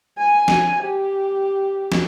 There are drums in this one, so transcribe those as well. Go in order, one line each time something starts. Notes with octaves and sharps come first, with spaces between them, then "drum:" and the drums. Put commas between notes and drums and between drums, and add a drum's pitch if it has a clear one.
G#5
drum: snare
G4
drum: snare